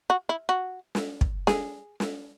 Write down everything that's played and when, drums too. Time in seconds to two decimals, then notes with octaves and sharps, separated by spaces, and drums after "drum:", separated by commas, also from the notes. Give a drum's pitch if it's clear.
0.10 F#4
0.29 E4
0.49 F#4
0.95 drum: snare
1.21 drum: kick
1.47 G#4, drum: snare
2.00 drum: snare